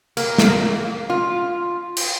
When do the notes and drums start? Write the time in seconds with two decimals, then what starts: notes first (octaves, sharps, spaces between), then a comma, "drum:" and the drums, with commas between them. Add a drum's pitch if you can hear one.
0.17 A#3, drum: cymbal
0.38 drum: snare
1.10 F4
1.97 drum: cymbal